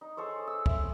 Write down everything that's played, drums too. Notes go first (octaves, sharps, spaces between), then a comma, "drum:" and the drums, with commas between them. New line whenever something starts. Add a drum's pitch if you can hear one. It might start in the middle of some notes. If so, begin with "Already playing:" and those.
D#4
G#4 A4 C5 C#5
E6
E5, drum: kick